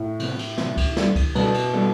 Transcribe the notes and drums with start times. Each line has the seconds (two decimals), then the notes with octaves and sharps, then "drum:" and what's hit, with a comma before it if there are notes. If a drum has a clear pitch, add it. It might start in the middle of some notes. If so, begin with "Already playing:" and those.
Already playing: A2
0.20 C3 F3 B3, drum: cymbal
0.39 drum: cymbal
0.58 C3 F3 B3, drum: snare
0.77 drum: kick C#2, cymbal
0.97 G3 B3 D4 A4, drum: snare
1.16 drum: kick C#2, cymbal
1.35 B2 G3 B3 D4 A4, drum: cymbal
1.54 drum: cymbal
1.74 G3 B3 D4 A4